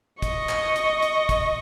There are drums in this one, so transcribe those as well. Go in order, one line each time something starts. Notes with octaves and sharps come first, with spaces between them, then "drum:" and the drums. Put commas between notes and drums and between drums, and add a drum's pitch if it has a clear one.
D#5 C#6, drum: kick, hi-hat
drum: clap
drum: hi-hat
drum: hi-hat
drum: kick, hi-hat